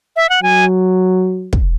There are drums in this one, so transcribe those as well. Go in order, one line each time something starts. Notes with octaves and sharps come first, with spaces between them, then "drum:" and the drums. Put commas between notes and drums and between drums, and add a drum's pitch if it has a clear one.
E5
F#5
F#3 G#5
drum: kick